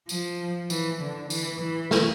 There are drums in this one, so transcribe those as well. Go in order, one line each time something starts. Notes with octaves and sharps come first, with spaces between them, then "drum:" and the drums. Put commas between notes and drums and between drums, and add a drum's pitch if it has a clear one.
F3, drum: tambourine
E3, drum: tambourine
D3
E3, drum: tambourine
E3
drum: snare